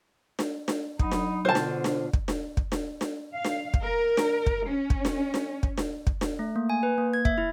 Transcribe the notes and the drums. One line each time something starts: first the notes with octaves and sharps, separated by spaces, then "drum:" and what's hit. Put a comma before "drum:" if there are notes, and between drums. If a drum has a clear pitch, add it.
drum: snare D4
drum: snare D4
F#3 D#4 B5 D#6, drum: kick
drum: snare D4
B2 D3 F4 C5 A5
drum: snare D4
drum: snare D4
drum: kick
drum: snare D4
drum: kick
drum: snare D4
drum: snare D4
F5
drum: snare D4
drum: kick
A#4
drum: snare D4
drum: kick
C#4
drum: kick
drum: snare D4
drum: snare D4
drum: kick
drum: snare D4
drum: kick
drum: snare D4
A3
A#3
G#5
B4
A#3
G#6
E5, drum: kick
E4